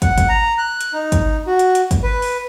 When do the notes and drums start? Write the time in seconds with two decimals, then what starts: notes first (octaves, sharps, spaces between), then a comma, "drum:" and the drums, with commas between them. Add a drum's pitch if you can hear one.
0.02 F#5, drum: kick, hi-hat
0.18 drum: kick, hi-hat
0.29 A#5
0.58 F#6
0.81 drum: hi-hat
0.93 D#4
1.12 drum: kick, hi-hat
1.47 F#4
1.59 drum: hi-hat
1.75 drum: hi-hat
1.91 drum: kick, hi-hat
2.03 B4
2.22 drum: open hi-hat